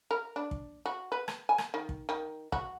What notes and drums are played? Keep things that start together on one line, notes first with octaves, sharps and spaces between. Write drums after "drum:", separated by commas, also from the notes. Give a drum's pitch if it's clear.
A#4
D4
drum: kick
F#4
B4
drum: rim click
G#5
drum: rim click
D#3
drum: kick
D#3
F#4, drum: kick